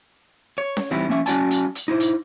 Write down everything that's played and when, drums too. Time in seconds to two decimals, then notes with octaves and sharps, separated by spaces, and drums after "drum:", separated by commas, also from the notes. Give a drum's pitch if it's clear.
0.58 C#5
0.77 drum: snare C#4
0.91 E3 G3 C4 D#4 E4
1.08 F3 A#3 C#4 E5
1.26 F#3 C#4 F#4 D5 G#5 A5, drum: hi-hat
1.51 drum: hi-hat
1.75 drum: hi-hat
1.88 D#4 E4 C5
2.00 drum: hi-hat